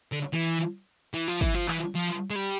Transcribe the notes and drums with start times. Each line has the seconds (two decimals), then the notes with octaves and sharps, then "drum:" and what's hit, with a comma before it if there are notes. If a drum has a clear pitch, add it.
0.12 D3
0.33 E3
1.14 E3
1.28 F3
1.41 E3, drum: kick
1.55 F3
1.68 E3, drum: clap
1.95 F3
2.30 G#3
2.35 G3